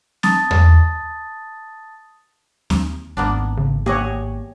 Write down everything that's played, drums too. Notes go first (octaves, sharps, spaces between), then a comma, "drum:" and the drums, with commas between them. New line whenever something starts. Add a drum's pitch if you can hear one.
A5 D#6 A6, drum: snare C4
drum: tom E2
D#2, drum: snare C4
G#1 A#3 B3 D4
C#3
A#3 G4 G#4 C#5 D#5 F#5